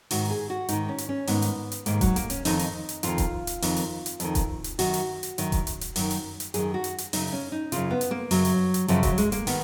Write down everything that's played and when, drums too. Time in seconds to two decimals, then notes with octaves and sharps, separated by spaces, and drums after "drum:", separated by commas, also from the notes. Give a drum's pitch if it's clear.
0.11 G#2 D#3 F#4, drum: open hi-hat
0.30 G#4
0.50 F#4
0.69 G#2 D#3 D#4, drum: hi-hat
0.88 C#4
0.98 drum: hi-hat
1.09 C#4
1.27 G#2 D#3 B3, drum: open hi-hat
1.42 drum: hi-hat
1.72 drum: hi-hat
1.86 G#2 D#3 A#3, drum: hi-hat
2.01 F#3, drum: kick D#1, hi-hat
2.16 A#3, drum: hi-hat
2.30 C#4, drum: hi-hat
2.45 F2 D#3 D#4, drum: open hi-hat
2.59 drum: hi-hat
2.89 drum: hi-hat
3.03 F2 D#3 F4, drum: hi-hat
3.18 drum: kick D#1, hi-hat
3.47 drum: hi-hat
3.62 F2 D#3, drum: open hi-hat
3.76 drum: hi-hat
4.06 drum: hi-hat
4.20 F2 D#3, drum: hi-hat
4.35 drum: kick D#1, hi-hat
4.64 drum: hi-hat
4.79 F#2 D#3 F#4, drum: open hi-hat
4.94 drum: hi-hat
5.23 drum: hi-hat
5.38 F#2 D#3, drum: hi-hat
5.52 drum: kick D#1, hi-hat
5.67 drum: hi-hat
5.81 drum: hi-hat
5.96 F#2 D#3, drum: open hi-hat
6.11 drum: hi-hat
6.40 drum: hi-hat
6.54 F#2 D#3 G#4, drum: hi-hat
6.74 F#4
6.84 drum: hi-hat
6.98 drum: hi-hat
7.13 F#2 C#3 D#4, drum: open hi-hat
7.32 C#4
7.52 D#4
7.72 F#2 C#3 F4, drum: hi-hat
7.91 B3
8.01 drum: hi-hat
8.11 A#3
8.31 F#2 C#3 F#3, drum: open hi-hat
8.45 drum: hi-hat
8.74 drum: hi-hat
8.88 F#2 C#3 F3, drum: hi-hat
9.03 F#3, drum: kick D#1, hi-hat
9.18 G#3, drum: hi-hat
9.32 A#3, drum: hi-hat
9.47 D#3 B3, drum: open hi-hat